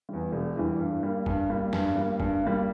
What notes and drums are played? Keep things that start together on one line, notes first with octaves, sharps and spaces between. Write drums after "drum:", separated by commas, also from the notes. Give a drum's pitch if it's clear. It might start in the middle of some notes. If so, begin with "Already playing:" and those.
E2 E3 G3
E1
E2 E3 G3
G2
G3 A#3
G2, drum: kick
G3 A#3
G2, drum: snare
G3 A#3
G2, drum: kick
G3 A#3